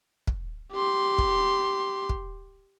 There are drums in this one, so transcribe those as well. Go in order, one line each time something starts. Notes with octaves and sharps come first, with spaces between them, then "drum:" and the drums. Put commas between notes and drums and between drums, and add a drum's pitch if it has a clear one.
drum: kick
G4 C6
drum: kick
drum: kick